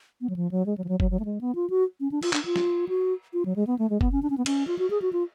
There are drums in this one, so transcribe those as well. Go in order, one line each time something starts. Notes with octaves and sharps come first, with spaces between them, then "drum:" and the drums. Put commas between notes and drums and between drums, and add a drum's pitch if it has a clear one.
B3
F#3
F3
F#3
G#3
F#3
F3
F#3
F#3, drum: kick F#1
F#3
A3
G#3
B3
F4
F#4
C#4
D4
F4, drum: cymbal
D4, drum: clap
F4
drum: snare
F#4
F4
F#3
G#3
B3
A3
G#3
B3, drum: kick F#1
C#4
D4
C#4
B3
C#4, drum: cymbal
F4
F#4
G#4
F#4
F4